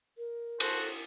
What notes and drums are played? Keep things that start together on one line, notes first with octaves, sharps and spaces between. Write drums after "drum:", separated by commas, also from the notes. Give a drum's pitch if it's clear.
A#4
F#4 A4 C5, drum: cymbal